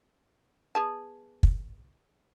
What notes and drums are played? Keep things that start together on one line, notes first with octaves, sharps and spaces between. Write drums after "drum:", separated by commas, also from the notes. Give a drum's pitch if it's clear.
B3 G#4 A5
drum: kick